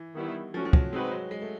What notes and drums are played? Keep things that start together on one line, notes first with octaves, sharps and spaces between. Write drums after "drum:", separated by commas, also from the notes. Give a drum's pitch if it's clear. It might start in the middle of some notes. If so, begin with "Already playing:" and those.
Already playing: E3
D#3 G3 B3 E4
F3 A3 C#4 F#4
F3
F#3, drum: kick
G#3 C4 D#4 F#4 B4
F#3
G#3
A3